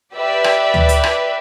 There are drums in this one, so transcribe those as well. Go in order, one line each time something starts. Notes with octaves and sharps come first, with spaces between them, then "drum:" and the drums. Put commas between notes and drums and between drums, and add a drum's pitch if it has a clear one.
G4 B4 D5 E5
drum: rim click
drum: tom D2
drum: hi-hat
drum: rim click